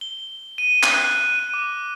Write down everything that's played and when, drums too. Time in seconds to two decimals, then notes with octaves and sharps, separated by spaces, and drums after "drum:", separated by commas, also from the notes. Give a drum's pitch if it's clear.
0.01 G7
0.58 D#7
0.83 drum: clap
0.94 F#6
1.39 D#7
1.54 D6